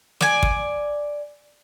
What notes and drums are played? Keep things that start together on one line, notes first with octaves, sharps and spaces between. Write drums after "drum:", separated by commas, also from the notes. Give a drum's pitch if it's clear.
D5 G#5, drum: snare
drum: kick